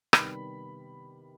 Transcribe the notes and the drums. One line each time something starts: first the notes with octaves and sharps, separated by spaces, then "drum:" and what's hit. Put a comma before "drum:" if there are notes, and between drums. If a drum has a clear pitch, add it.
C3 D#3 G3 B3 B5, drum: rim click